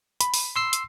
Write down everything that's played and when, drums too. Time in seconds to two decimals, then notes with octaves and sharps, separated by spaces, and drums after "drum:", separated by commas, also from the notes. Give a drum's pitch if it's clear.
0.21 B5, drum: hi-hat
0.34 drum: open hi-hat
0.56 C6 E6 C7
0.73 drum: hi-hat